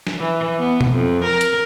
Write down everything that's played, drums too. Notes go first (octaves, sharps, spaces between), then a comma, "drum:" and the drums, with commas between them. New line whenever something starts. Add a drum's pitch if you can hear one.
drum: snare
E3
B3
drum: tom B2
F2
A#4
drum: hi-hat